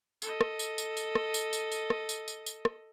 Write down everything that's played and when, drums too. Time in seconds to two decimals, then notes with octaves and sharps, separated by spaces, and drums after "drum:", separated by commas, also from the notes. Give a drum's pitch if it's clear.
0.22 A4 D#5, drum: tambourine
0.41 drum: rim click
0.59 drum: tambourine
0.78 drum: tambourine
0.97 drum: tambourine
1.15 drum: rim click
1.34 drum: tambourine
1.53 drum: tambourine
1.72 drum: tambourine
1.90 drum: rim click
2.09 drum: tambourine
2.28 drum: tambourine
2.46 drum: tambourine
2.65 drum: rim click